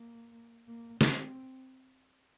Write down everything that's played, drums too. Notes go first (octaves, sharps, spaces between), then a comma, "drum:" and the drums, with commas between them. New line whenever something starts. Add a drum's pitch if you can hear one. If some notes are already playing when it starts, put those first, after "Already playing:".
Already playing: A#3
A#3
C4, drum: snare